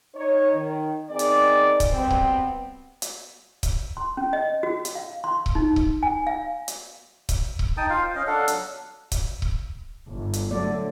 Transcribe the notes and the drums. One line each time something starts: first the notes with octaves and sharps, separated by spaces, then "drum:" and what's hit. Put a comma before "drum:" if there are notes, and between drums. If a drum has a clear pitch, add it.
D#4 C#5
D#3
D#3 C4 D#4 G#4 D5
drum: hi-hat
drum: kick C#1, hi-hat
B2 G3 B3 C4
drum: kick C#1
drum: hi-hat
drum: kick C#1, hi-hat
C6
C#4
D#5
F#4
drum: hi-hat
F5
C6
drum: kick C#1
D#4
drum: kick C#1
G#5
F5
drum: hi-hat
drum: kick C#1, hi-hat
drum: kick C#1
D#4 G5 A5 D#6
F4 F5
C5
C#4 D#5 F5
D4 A4 F5 F#5
F#3, drum: hi-hat
drum: kick C#1, hi-hat
drum: kick C#1
G1
drum: hi-hat
D3 F#3 A3 D5